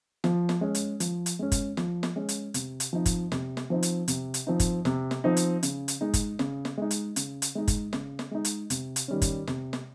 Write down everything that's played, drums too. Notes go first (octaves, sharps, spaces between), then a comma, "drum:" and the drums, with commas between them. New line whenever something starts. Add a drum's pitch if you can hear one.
F3, drum: snare
drum: snare
G#3 C#4
drum: hi-hat
F3, drum: hi-hat
drum: hi-hat
G#3 C#4
drum: kick, hi-hat
F3, drum: snare
drum: snare
G#3 C#4
drum: hi-hat
C3, drum: hi-hat
drum: hi-hat
F3 C4 D#4
drum: kick, hi-hat
C3, drum: snare
drum: snare
F3 C4 D#4
drum: hi-hat
C3, drum: hi-hat
drum: hi-hat
F3 C4 D#4
drum: kick, hi-hat
C3, drum: snare
drum: snare
F3 C4 D#4
drum: hi-hat
C#3, drum: hi-hat
drum: hi-hat
G#3 D#4
drum: kick, hi-hat
C#3, drum: snare
drum: snare
G#3 D#4
drum: hi-hat
C#3, drum: hi-hat
drum: hi-hat
G#3 D#4
drum: kick, hi-hat
C#3, drum: snare
drum: snare
G#3 D#4
drum: hi-hat
C3, drum: hi-hat
drum: hi-hat
D#3 G3 C#4
drum: kick, hi-hat
C3, drum: snare
drum: snare